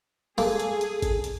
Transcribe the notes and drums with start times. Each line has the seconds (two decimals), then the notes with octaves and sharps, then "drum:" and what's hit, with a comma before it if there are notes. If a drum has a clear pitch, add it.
0.38 A#3 G#4 A4, drum: open hi-hat
0.60 drum: hi-hat
0.81 drum: hi-hat
1.02 drum: kick G#1, hi-hat
1.24 drum: hi-hat